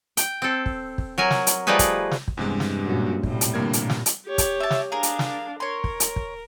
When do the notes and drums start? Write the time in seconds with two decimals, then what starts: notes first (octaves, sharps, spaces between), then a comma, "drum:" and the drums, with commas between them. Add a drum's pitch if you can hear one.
0.17 G5, drum: hi-hat
0.42 C4 A4
0.66 drum: kick
0.98 drum: kick
1.18 F#3 A#4 G#5
1.31 drum: snare
1.47 drum: hi-hat
1.67 F3 G3 A3 D#4 G#4 B4
1.79 drum: kick, hi-hat
2.11 drum: snare
2.28 drum: kick
2.37 E2 G2 C3 G#3
2.60 drum: snare
2.85 F#2 A#2 F#4
3.23 A2 C3 G3, drum: kick
3.41 drum: hi-hat
3.54 G2 A#2 D3 A#3 G#6
3.73 drum: hi-hat
3.90 drum: snare
4.06 drum: hi-hat
4.27 G4 C#5
4.38 drum: kick, hi-hat
4.60 E5 A5
4.71 drum: snare
4.92 D4 G#4 A#4 F5
5.03 drum: hi-hat
5.19 drum: snare
5.60 A#4 C#5 C6
5.84 drum: kick
6.00 drum: hi-hat
6.16 drum: kick